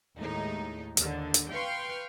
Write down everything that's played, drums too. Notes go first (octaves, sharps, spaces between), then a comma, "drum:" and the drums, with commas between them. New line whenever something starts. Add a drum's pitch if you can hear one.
D#2 A2 G#3 D#4
D#2 D3, drum: hi-hat
drum: hi-hat
B4 F5 G5 C6 C#6